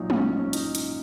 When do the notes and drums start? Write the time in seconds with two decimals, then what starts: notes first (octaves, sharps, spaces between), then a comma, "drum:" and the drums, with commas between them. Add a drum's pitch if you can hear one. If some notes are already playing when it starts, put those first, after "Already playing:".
Already playing: A#1 A#2 F#3 D#4
0.10 C#4, drum: tom
0.39 C#4
0.53 D#4, drum: hi-hat
0.75 drum: hi-hat